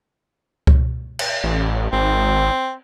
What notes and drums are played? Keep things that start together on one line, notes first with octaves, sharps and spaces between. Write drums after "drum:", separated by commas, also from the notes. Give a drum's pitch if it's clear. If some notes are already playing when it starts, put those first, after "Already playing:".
drum: kick C#2
drum: cymbal
A1
G#1 C4